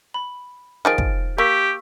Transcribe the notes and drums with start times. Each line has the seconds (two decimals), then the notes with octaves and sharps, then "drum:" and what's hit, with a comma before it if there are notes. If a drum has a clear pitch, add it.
0.14 B5
0.85 D#3 F3 G#4 F6 A6 D7
0.98 drum: kick
1.38 A#3 G4 C#6 E6 B6